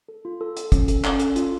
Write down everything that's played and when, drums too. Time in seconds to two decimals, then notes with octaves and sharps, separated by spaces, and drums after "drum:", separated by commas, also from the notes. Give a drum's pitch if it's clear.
0.08 A4
0.25 F4
0.41 A4
0.57 A4, drum: hi-hat
0.72 C#4, drum: kick, hi-hat
0.88 A4, drum: hi-hat
1.04 C#4, drum: clap
1.19 A4, drum: hi-hat
1.36 F4, drum: hi-hat